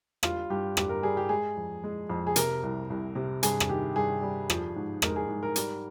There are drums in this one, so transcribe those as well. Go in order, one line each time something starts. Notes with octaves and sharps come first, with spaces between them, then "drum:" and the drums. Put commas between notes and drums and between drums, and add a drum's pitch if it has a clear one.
G3 F4, drum: rim click
G2 G4
G2 G4, drum: rim click
A#4
G3 G#4
G4
G#3 G#4
F2
G#3
F2
G#4
C3 A#4, drum: hi-hat
C2
C2
C3
G2 G#4, drum: hi-hat
drum: rim click
D#3 G4
G2 G#4
G3
F3, drum: rim click
G#2
G#3 A#4, drum: rim click
G#4
G#2
A#4
G3, drum: hi-hat